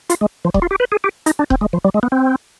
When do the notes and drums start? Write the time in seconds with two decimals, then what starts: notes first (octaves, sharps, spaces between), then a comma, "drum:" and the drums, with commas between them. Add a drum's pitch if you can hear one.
0.10 F4, drum: hi-hat
0.21 G#3
0.45 F3
0.54 G3, drum: kick D#1
0.62 F4
0.71 G4
0.80 B4
0.92 G#4
1.04 G4
1.26 D#4, drum: hi-hat
1.39 D4
1.50 C4, drum: kick D#1
1.61 G#3
1.73 F3
1.85 G3
1.94 G#3
2.03 B3
2.12 C4